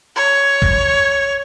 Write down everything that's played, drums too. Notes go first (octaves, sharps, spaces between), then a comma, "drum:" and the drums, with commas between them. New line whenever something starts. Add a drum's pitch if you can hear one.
C#5
drum: kick A#1